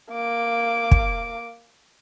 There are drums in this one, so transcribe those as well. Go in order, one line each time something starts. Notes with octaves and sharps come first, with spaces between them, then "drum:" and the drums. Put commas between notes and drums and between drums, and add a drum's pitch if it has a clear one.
A#3 D6
drum: kick